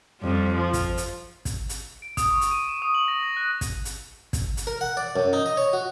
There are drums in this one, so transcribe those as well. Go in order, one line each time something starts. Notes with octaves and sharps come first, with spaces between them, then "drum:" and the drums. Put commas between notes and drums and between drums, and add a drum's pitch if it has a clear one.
F2 G3
F3
drum: kick, hi-hat
drum: hi-hat
drum: kick, hi-hat
drum: hi-hat
D7
D#6, drum: kick, hi-hat
C#6
drum: hi-hat
D#7
E7
D#6
F#7
A#6
A#6
F#6
drum: kick, hi-hat
drum: hi-hat
drum: kick, hi-hat
drum: hi-hat
A#4
F#5
D5
F#2
D#4
D#5
C#5
F#4